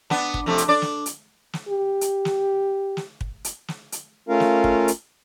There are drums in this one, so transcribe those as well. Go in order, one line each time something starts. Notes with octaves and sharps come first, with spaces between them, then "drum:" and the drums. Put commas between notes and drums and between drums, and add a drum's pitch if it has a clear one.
B3 D4, drum: snare
drum: kick
F2 C3 A3
drum: hi-hat
D4 D5
drum: snare
drum: hi-hat
drum: snare
G4
drum: hi-hat
drum: snare
drum: snare
drum: kick
drum: hi-hat
drum: snare
drum: hi-hat
A3 C#4 F4 A#4 F5
drum: snare
drum: kick
drum: hi-hat